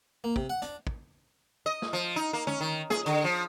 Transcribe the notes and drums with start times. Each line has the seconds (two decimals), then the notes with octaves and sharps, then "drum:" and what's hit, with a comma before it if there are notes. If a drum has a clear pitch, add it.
0.24 A#3
0.36 C3, drum: kick
0.50 F#5
0.62 D4, drum: hi-hat
0.87 drum: kick
1.66 D#5
1.82 drum: snare
1.93 F3
2.16 D#4
2.33 A#3
2.47 C#4, drum: tom
2.61 D#3
2.90 G#4, drum: snare
3.06 D3, drum: hi-hat
3.24 F3